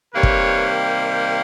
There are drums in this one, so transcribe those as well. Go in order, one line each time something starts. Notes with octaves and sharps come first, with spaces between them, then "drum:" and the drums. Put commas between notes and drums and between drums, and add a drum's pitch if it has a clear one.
C3 D#3 G3 A#3 B4 C#5
drum: kick